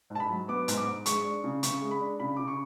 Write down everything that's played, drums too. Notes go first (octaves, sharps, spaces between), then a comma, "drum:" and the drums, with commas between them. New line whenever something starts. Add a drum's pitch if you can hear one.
G#2
A5
B5
F#3
B3 D6
G#2, drum: hi-hat
D6
G#2
G#3 C#6, drum: hi-hat
D4
C#3
C#3 C#6, drum: hi-hat
G#3
B5
D4
C#3 B5
C#3 D6
C#6